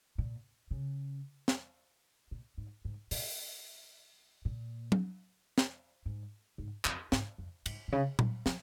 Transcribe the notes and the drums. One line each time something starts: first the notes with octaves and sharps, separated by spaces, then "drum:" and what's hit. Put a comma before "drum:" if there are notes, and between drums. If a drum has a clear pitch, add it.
A#2
C#3
drum: snare
A#2
G#2
G#2
A#2, drum: open hi-hat
A#2
drum: tom
drum: snare
G#2
G#2
F2, drum: clap
G#2, drum: snare
F2
G#2, drum: cymbal
A#2
C#3
G#3, drum: tom A#2
F3, drum: snare